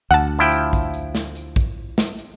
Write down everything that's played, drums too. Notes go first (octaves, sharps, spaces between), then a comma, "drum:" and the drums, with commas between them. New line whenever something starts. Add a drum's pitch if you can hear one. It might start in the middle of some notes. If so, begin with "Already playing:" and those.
D2 F#5 A5
F3 E4 G5
drum: tambourine
drum: kick A#1, tambourine
drum: tambourine
drum: snare
drum: tambourine
drum: kick A#1, tambourine
drum: snare
drum: tambourine